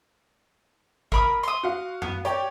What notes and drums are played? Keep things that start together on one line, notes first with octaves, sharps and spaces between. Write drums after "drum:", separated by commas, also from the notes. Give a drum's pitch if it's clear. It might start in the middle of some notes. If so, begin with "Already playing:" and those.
A#4 B5 D#6, drum: kick
C6 D#6, drum: hi-hat
F#4 F5
B3, drum: tom F#2
G4 C#5 D5 G5, drum: hi-hat